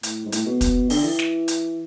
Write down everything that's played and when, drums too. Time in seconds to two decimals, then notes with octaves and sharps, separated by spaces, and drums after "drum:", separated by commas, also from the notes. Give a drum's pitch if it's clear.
0.03 A2, drum: hi-hat
0.25 G#2
0.32 A2, drum: hi-hat
0.46 B2
0.61 drum: kick, hi-hat
0.90 D3, drum: open hi-hat
1.04 E3
1.19 drum: snare
1.48 drum: hi-hat